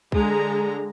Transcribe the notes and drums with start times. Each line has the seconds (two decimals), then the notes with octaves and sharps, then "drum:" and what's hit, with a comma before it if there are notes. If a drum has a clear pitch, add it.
0.12 D3 G#3 A#5, drum: kick